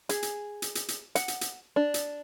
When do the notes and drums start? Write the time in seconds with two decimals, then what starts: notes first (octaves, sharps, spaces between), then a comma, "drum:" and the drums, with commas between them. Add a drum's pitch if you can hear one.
0.09 G#4, drum: hi-hat
0.23 drum: hi-hat
0.62 drum: hi-hat
0.75 drum: hi-hat
0.88 drum: hi-hat
1.15 F#5, drum: hi-hat
1.28 drum: hi-hat
1.41 drum: hi-hat
1.76 D4
1.94 drum: hi-hat